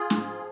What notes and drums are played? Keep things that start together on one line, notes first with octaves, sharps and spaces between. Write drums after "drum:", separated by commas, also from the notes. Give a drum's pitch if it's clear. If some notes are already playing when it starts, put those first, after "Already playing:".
Already playing: F4 G#4
G#2, drum: snare
F3